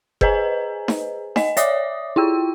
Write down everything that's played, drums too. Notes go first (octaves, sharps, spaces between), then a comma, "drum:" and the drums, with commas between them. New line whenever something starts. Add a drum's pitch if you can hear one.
G#4 B4 C5 D#5 G#5 A#5, drum: kick F#1
drum: snare D#4
D#5 G#5, drum: snare D#4
C#5 D5 E5 D6 D#6, drum: hi-hat
E4 F4 G5 E6